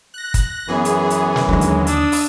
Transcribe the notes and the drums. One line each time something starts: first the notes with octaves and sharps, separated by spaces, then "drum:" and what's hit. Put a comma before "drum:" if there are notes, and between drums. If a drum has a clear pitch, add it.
F#6 A#6
drum: kick, hi-hat
F#2 E3 B3 G#4
drum: hi-hat
drum: hi-hat
drum: snare
D#2 D3 F#3 G#3
drum: hi-hat
D4 D#6 E6, drum: hi-hat
drum: open hi-hat